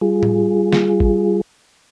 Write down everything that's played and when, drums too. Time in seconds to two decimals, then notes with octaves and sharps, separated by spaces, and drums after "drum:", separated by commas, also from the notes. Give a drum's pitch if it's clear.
0.01 G3 F4 G#4
0.23 drum: tom A2
0.73 drum: snare
1.00 drum: kick G#1